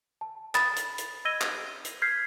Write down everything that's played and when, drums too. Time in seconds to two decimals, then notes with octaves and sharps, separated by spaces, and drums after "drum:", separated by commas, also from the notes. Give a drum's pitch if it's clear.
0.21 A5
0.55 B5 D#6 A6, drum: clap
0.76 drum: hi-hat
0.98 drum: hi-hat
1.25 D#5 E6 G#6 A#6 D#7 G7
1.41 drum: clap
1.85 drum: hi-hat
2.02 F6 G6 G#6 B6 C7